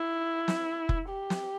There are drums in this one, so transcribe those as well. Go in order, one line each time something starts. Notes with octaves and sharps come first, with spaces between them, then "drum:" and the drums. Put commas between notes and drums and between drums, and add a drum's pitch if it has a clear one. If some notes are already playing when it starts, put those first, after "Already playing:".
Already playing: E4
drum: snare
drum: kick F1
G4
drum: snare